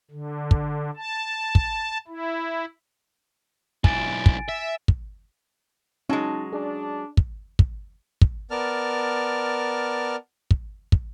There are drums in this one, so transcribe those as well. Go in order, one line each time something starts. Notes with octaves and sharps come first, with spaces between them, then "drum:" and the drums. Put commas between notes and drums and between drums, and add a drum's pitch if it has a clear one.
D3
drum: kick
A5
drum: kick
E4
B1 E4 G#5 A6 D7, drum: kick
drum: kick
E5
drum: kick
F#3 G#3 C#4 D#4 A5
D4 G#4
drum: kick
drum: kick
drum: kick
B3 A#4 D5 A5 F6
drum: kick
drum: kick